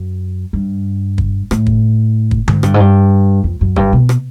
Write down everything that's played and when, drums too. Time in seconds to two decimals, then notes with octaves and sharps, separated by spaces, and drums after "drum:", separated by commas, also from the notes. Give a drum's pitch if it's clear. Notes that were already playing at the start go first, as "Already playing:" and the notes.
Already playing: F#2
0.53 G2
1.18 drum: kick
1.51 A2, drum: rim click
1.66 drum: kick
2.31 drum: kick
2.48 G#2, drum: tom D3
2.63 G2, drum: rim click
2.74 G#2
2.80 G2
3.44 F2
3.61 F#2
3.76 G2, drum: kick
3.93 B2
4.09 drum: rim click